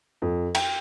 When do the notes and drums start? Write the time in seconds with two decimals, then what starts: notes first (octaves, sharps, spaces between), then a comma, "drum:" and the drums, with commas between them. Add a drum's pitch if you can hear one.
0.22 F2
0.55 G5, drum: cymbal